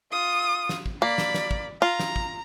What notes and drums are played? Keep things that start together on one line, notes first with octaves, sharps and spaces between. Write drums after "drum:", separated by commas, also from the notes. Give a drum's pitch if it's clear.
F4 D#6
drum: snare
drum: kick
A#3 D5 B5
drum: snare
drum: snare
drum: kick
F4 A#5
drum: snare
drum: kick